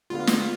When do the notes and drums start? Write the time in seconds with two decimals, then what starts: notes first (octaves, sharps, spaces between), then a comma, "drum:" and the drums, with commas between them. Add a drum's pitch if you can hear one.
0.10 D3 G#3 B3 D4 F4
0.27 drum: snare